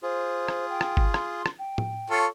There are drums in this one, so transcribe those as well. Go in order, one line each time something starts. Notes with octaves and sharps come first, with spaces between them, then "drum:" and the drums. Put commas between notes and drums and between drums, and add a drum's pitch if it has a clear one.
F4 G#4 C5
drum: rim click
G5
drum: rim click
drum: kick G1
C6, drum: rim click
drum: rim click
G5
drum: tom A2
F4 A4 C#5